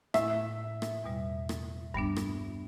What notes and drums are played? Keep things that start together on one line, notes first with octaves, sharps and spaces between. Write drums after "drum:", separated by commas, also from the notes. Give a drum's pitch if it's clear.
A2 A3 E4 E5, drum: rim click
drum: rim click
E2 B2 G3
drum: rim click
G2 G3 B3 D4, drum: kick
drum: rim click